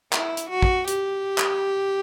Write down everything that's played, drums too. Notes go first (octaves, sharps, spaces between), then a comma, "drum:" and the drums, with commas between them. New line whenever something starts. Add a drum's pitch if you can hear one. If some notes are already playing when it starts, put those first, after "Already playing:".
E4, drum: clap
drum: hi-hat
F#4
drum: kick
G4, drum: hi-hat
drum: clap